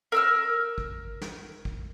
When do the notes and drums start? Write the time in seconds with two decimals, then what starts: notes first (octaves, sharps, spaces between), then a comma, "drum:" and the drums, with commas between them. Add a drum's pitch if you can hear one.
0.12 A#4 E6 F6
0.78 drum: kick G#1
1.22 drum: snare
1.65 drum: kick G#1